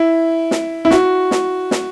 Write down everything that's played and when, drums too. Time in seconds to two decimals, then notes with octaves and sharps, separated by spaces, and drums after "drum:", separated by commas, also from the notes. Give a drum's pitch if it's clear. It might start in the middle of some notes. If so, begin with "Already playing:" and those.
Already playing: E4
0.51 drum: snare
0.85 E4
0.91 F#4, drum: snare
1.31 drum: snare
1.71 drum: snare